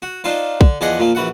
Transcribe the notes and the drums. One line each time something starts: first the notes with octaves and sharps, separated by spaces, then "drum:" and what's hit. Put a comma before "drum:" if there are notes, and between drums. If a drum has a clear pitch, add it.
F#4
D4 D#4 F4 C5
D3, drum: kick
E2 F3 G#4 D5 D#5 F#5
A#2 F3 A#3
A#1 E3 F#4 F#5